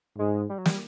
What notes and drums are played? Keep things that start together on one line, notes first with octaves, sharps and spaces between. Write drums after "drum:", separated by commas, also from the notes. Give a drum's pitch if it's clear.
G#2 G#3
G3
F#3
G3, drum: snare